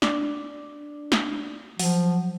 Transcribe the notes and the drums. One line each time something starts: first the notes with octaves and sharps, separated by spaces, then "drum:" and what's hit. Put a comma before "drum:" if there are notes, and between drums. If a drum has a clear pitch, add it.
D4, drum: snare
drum: snare
F3 F#3, drum: open hi-hat